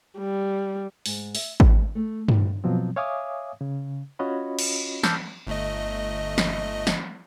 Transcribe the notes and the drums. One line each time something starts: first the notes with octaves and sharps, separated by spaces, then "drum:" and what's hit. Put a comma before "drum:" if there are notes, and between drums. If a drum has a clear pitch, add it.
G3
G#2, drum: open hi-hat
E5, drum: open hi-hat
G#2, drum: kick G#1
A3
G3, drum: tom G2
B2 F3 F#3 C4
C#5 E5 F5 G#5 D6 D#6
C#3
C#4 F4 F#4 C#5 D#5 B5
drum: cymbal
A5 D6 E6 F6 G6, drum: snare
G1 A3 D#5
drum: snare
drum: snare